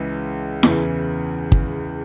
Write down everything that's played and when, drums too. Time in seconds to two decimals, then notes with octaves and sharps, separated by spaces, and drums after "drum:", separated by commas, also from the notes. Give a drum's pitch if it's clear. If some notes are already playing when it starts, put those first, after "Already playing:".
Already playing: C#2 C#3 E3
0.63 E2 C#3 E3, drum: snare E4
1.52 drum: kick